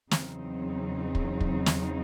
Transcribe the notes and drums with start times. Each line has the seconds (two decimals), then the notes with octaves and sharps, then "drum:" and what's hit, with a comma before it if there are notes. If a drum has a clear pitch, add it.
0.11 E2 C#3 F#3 C4 D#4, drum: snare
1.15 drum: kick
1.41 drum: kick
1.66 drum: snare